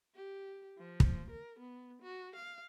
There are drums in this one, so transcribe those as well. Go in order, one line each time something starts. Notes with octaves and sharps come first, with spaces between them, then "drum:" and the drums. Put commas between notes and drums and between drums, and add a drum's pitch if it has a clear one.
G4
F3
drum: kick
A#4
B3
F#4
F5